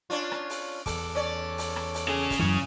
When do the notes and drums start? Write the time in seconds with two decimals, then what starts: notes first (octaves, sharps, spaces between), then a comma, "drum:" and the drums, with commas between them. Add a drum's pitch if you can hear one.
0.10 C#4 D4 F4
0.32 drum: rim click
0.50 drum: open hi-hat
0.86 E2 A4 D6, drum: kick, open hi-hat
1.15 C#4 D5
1.58 drum: open hi-hat
1.76 drum: rim click
1.94 drum: open hi-hat
2.08 C#3 G#4
2.30 drum: kick, open hi-hat
2.39 F#2 E3 G#5 C#6 D#6